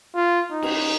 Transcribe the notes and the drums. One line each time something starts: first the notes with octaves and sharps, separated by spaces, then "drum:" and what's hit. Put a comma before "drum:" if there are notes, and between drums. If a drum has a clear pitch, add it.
F4
D#4
drum: cymbal